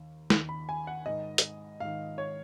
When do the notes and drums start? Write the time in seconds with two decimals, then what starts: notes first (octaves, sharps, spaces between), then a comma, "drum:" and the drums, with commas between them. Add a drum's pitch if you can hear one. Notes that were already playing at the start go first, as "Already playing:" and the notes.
Already playing: D#2 D#3
0.30 D#2 D#3, drum: snare
0.49 B5
0.69 G#5
0.87 F#5
1.06 G#2 D#3 D#5
1.38 drum: hi-hat
1.80 G#2 D#3 F5
2.18 C#5